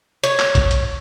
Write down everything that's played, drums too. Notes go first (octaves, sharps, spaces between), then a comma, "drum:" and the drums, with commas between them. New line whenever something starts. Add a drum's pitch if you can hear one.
C#5, drum: hi-hat
drum: clap
drum: kick A#1, hi-hat
drum: hi-hat